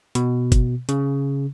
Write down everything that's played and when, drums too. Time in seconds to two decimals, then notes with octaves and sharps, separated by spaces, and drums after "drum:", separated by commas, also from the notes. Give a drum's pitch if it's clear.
0.15 B2, drum: hi-hat
0.52 drum: kick, hi-hat
0.89 C#3, drum: hi-hat